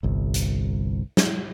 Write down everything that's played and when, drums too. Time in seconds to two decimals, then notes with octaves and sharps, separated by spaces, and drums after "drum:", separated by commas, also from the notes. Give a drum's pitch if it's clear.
0.03 G1 C2
0.34 drum: hi-hat
1.17 drum: snare